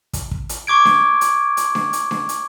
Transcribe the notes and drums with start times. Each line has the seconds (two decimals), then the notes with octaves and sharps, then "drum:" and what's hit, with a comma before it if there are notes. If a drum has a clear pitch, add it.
0.13 drum: kick, hi-hat
0.31 drum: kick
0.49 drum: hi-hat
0.67 C#6 D6 G#6 D7
0.85 drum: snare D4
1.21 drum: hi-hat
1.57 drum: hi-hat
1.75 drum: snare D4
1.93 drum: hi-hat
2.11 drum: snare D4
2.29 drum: hi-hat